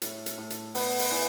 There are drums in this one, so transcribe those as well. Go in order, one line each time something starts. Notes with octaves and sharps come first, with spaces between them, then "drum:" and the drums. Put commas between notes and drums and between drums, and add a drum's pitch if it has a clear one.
A2, drum: hi-hat
drum: hi-hat
A2
drum: hi-hat
B3, drum: open hi-hat
drum: open hi-hat
E3